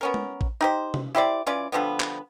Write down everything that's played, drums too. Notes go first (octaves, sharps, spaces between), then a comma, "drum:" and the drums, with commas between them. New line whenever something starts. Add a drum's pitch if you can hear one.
B3 C#4 A#4
drum: tom
drum: kick A1
D#4 G4 C5
drum: tom
E4 G4 C5 D5
E3 C#4 F4 D5
D3 F3 G3 B3
drum: clap